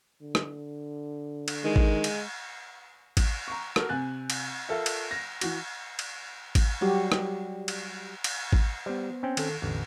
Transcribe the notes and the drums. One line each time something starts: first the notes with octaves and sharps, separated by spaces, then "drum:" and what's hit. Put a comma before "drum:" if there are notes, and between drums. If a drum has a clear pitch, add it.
D3
drum: rim click
drum: cymbal
D#3 G#3
drum: kick G#1
drum: cymbal
drum: kick G#1, cymbal
A#5 C#6
F#4 A4 A#4, drum: rim click
C3 G#5 F#6 A6
drum: cymbal
F4 A4 A#4 E5
drum: cymbal
A#6
E3 F#4, drum: cymbal
drum: cymbal
drum: kick G#1, cymbal
F#3 G3 F#4 G4
drum: rim click
drum: cymbal
drum: cymbal
drum: kick G#1
G3 B3 C5
C4 C#4 G5
D#3 A4, drum: cymbal
A1 E2 D3